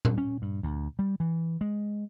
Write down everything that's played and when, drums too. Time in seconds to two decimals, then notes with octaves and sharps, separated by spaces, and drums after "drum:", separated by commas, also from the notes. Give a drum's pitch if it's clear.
0.05 drum: tom A#2
0.18 C#4
0.42 G2
0.63 D2
0.99 G3
1.20 E3
1.61 G#3